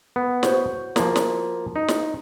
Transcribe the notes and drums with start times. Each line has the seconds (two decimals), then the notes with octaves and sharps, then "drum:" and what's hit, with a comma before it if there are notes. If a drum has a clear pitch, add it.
0.16 B3
0.43 F#4 C5 C#5, drum: snare
0.96 F3 A#3, drum: snare
1.16 drum: snare
1.76 D#4
1.88 drum: snare